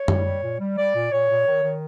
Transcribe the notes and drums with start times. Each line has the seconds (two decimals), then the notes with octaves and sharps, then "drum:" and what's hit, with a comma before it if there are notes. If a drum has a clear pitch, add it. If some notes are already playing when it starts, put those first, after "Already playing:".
Already playing: C#5
0.08 G3, drum: tom F#2
0.26 G3
0.43 A#2
0.59 G3
0.77 G3 D5
0.95 A#2
1.11 A#2 C#5
1.29 A#2
1.47 D#3
1.63 D#3